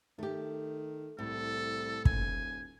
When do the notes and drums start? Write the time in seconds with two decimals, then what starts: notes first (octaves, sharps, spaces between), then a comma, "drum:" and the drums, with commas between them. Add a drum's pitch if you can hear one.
0.19 D#3 A3 G4
1.19 C2 A2 A4
2.05 D#1 G#5, drum: kick